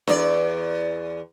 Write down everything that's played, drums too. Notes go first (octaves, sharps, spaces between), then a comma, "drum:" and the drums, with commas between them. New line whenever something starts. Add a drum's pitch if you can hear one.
E2 D5, drum: snare D4